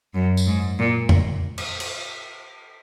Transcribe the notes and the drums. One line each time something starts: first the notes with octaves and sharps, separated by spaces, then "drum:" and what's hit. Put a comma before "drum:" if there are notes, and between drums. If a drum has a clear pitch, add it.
F#2
drum: tambourine
G#2
A#2
drum: tom F2
drum: cymbal
drum: cymbal